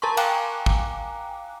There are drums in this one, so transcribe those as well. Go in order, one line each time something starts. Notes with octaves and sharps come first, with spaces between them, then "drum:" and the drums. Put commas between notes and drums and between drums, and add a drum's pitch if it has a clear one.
A#4 A5 A#5 C6 C#6
F5 G5 G#5 A#5 D6 F#6, drum: cymbal
drum: kick